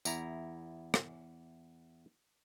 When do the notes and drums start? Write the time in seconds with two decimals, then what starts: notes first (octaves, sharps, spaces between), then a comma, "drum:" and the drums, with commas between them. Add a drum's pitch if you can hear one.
0.05 E2 E4 A#5, drum: tambourine
0.94 drum: rim click